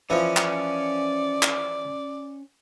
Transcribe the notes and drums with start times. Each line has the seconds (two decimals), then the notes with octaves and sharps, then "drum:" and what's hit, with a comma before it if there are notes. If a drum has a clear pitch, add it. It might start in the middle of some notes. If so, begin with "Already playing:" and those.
0.10 E3 F3 C#4 D5
0.37 drum: clap
1.43 drum: clap